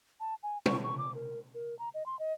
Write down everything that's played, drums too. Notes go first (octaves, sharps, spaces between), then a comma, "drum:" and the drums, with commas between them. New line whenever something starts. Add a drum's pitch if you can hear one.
A5
G#5
C#6, drum: tom
C#6
D6
A#4
A#4
A#5
D#5
C6
D#5